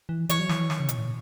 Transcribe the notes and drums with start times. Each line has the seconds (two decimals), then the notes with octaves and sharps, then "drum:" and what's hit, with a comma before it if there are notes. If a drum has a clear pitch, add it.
0.09 E3
0.29 E3 C#5, drum: hi-hat
0.39 F#3
0.49 E3, drum: snare
0.70 D#3, drum: snare
0.80 C#3
0.89 B2, drum: hi-hat
0.98 A2
1.05 B2